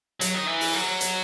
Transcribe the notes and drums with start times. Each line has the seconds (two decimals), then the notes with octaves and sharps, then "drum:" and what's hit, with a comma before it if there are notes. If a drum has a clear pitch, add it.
0.21 F#3, drum: hi-hat
0.35 D#3
0.47 E3
0.61 drum: open hi-hat
0.74 F#3
1.01 drum: hi-hat